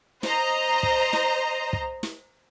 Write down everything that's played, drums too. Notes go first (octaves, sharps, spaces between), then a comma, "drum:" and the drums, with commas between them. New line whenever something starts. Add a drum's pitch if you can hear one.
C5 D#5 A#5, drum: snare
drum: kick
drum: snare
drum: kick
drum: snare